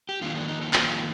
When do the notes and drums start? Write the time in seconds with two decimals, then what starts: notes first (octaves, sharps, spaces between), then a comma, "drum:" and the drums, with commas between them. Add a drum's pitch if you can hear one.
0.09 G4
0.21 F2 D#3 A#3 D4 F4
0.36 D4
0.48 D#4
0.62 D#4
0.73 F2 D#3 A#3 D4 F4, drum: clap